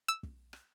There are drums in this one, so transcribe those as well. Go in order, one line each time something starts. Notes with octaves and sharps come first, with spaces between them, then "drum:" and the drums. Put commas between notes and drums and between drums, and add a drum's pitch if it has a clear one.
E6
drum: kick
drum: rim click